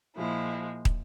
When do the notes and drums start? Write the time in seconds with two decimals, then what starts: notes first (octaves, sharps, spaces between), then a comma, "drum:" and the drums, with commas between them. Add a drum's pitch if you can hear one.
0.17 A#2 F3 G#3 E4
0.85 drum: kick